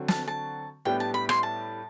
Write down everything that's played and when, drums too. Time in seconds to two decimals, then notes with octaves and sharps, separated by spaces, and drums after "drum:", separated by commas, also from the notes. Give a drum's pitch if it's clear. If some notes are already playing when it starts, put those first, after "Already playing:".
Already playing: D3 F#3 C4 F#4
0.08 A5, drum: snare
0.28 A5
0.85 A2 G3 B3 D4 G4 G5
1.00 A5
1.14 B5
1.29 C6, drum: rim click
1.43 A5